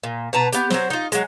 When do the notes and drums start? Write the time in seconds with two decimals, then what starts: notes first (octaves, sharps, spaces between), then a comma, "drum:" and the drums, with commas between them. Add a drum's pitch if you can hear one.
0.03 A#2
0.33 B2 B4 A5 A#5
0.53 B3 G4, drum: hi-hat
0.70 F#3 C4, drum: snare
0.90 D#4 F4
1.12 F#3 G#3, drum: hi-hat